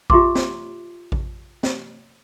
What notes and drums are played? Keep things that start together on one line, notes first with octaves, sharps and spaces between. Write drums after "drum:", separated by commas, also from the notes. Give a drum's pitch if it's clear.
F4 G4 E5 A#5 C6 D6, drum: kick A1
drum: snare
drum: kick A1
drum: snare